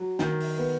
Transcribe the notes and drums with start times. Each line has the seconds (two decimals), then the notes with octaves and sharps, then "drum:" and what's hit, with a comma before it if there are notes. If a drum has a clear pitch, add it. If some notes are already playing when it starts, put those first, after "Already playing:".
Already playing: F#3
0.19 D#3, drum: snare
0.40 drum: open hi-hat
0.58 B3